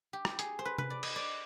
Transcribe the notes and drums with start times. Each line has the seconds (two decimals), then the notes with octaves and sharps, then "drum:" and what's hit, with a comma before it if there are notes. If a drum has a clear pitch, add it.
0.13 G4
0.25 drum: rim click
0.39 G#4, drum: hi-hat
0.59 C5
0.65 B4
0.78 B4, drum: tom C3
0.90 D5
1.03 D#5, drum: cymbal
1.16 D5